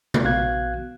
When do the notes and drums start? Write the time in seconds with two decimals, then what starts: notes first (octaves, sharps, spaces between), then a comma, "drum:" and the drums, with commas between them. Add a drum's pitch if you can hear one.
0.14 drum: tom C3
0.24 A#1 B3 F#4 F5 F#6 G#6